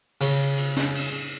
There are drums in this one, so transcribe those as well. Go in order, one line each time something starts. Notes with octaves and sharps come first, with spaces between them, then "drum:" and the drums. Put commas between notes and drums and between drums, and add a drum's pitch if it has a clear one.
C#3, drum: cymbal
drum: cymbal
drum: snare
drum: cymbal